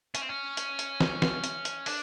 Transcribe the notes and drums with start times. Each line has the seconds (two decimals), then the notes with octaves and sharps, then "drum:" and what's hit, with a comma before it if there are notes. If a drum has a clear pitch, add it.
0.15 C#4, drum: hi-hat
0.22 C4
0.29 C#4
0.57 drum: hi-hat
0.79 drum: hi-hat
1.00 drum: snare
1.22 drum: snare
1.44 drum: hi-hat
1.65 drum: hi-hat
1.86 D4, drum: open hi-hat